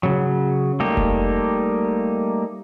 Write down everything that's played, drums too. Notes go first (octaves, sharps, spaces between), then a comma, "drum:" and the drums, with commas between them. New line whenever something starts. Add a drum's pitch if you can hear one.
C#3 F#3
G3 A3 A#3 D#4 G4
drum: kick F1